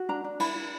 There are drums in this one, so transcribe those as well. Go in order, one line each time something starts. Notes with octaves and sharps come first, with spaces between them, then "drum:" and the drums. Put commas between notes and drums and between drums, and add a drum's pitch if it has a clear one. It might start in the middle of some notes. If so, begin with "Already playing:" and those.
Already playing: F#4
D4 A#5
D4
E4 B5, drum: cymbal
E4